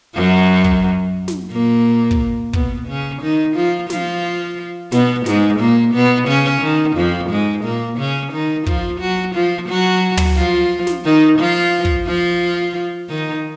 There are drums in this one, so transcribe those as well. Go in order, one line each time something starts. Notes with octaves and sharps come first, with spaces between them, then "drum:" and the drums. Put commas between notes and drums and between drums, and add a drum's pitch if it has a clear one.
F#2 F#3
drum: kick
drum: snare
A#2 A#3
drum: kick
B2 B3, drum: kick
C#3 C#4
D#3 D#4
F3 F4
F3 F4, drum: snare
B2 B3, drum: snare
G#2 G#3, drum: snare
A#2 A#3
B2 B3
C#3 C#4
D#3
F2 F3
G#2 G#3
A#2 A#3
C#3 C#4
D#3 D#4
F3 F4, drum: kick
F#3 F#4
F3 F4
F#3 F#4
drum: tom
F3 F4
drum: snare
D#3 D#4
F3 F4
drum: kick
F3 F4
D#3 D#4